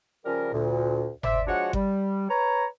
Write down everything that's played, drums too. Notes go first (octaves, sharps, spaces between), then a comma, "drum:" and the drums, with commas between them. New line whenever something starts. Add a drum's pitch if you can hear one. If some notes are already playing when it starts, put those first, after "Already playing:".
C#3 F3 G3 C#4 A#4
D2 A#2
C5 D5 E5, drum: tom G1
F3 G#3 D4 F#4 C#5 F#5
G3, drum: kick G1
B4 C#5 A#5